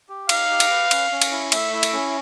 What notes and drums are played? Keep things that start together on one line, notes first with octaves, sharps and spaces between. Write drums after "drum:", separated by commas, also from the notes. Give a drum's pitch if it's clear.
G4
D#4 F5, drum: cymbal
G4
drum: cymbal
B4
C#4, drum: cymbal
C#4
drum: cymbal
E4
A3 E5, drum: cymbal
E4
drum: cymbal
C#4